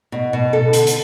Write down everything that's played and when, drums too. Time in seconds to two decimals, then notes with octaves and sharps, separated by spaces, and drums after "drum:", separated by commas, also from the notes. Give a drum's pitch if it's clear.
0.12 B2
0.33 B2
0.53 A4
0.73 D3, drum: hi-hat
0.87 drum: hi-hat